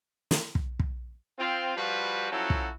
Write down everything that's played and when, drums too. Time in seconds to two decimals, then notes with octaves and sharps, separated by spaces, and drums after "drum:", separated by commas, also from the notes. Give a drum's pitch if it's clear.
0.31 drum: snare
0.55 drum: kick
0.79 drum: kick
1.39 C4 F4
1.77 F3 G3 F4 F#4 B4
2.31 F3 F#3 C#4 E4 F#4 A4
2.50 drum: kick